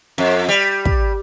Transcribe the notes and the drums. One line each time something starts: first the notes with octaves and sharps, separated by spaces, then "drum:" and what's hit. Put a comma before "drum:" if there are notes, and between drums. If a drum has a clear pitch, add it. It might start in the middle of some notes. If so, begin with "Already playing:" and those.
F2
G3
drum: kick